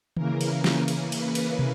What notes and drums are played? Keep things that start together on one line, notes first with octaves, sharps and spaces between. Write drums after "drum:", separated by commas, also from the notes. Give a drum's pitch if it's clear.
C#3 E3 A#3 A#4, drum: tom D#3
drum: cymbal
drum: snare
drum: cymbal
B4, drum: cymbal
drum: cymbal
drum: tom